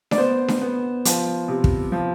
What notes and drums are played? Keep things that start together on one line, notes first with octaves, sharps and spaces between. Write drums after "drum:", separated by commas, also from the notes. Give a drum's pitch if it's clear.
D5, drum: snare D4
B3 C5
drum: snare D4
B3
F3, drum: hi-hat
C3
drum: kick
F3